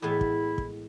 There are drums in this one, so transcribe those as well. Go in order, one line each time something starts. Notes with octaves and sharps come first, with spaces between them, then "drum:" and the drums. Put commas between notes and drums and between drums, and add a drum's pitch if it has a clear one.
A2 E3 G#3 B3 E4
drum: kick
drum: kick